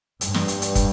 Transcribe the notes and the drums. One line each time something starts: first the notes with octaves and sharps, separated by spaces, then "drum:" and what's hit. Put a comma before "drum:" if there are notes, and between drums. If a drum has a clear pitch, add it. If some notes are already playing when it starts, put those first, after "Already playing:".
G2, drum: hi-hat
drum: snare
drum: hi-hat
drum: hi-hat
drum: kick, hi-hat